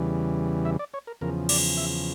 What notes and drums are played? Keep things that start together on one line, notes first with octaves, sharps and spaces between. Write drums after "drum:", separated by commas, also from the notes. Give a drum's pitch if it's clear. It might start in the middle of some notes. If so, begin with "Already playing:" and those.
Already playing: E2 C#3 E3 G3
E5
D5
C#5
A#4
E2 C#3 F3 A#4
D5, drum: cymbal
E5